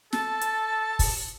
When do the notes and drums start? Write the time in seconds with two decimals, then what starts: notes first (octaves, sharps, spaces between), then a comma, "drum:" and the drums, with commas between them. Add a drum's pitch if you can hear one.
0.13 A4 A5, drum: snare
0.41 drum: hi-hat
0.99 drum: kick, open hi-hat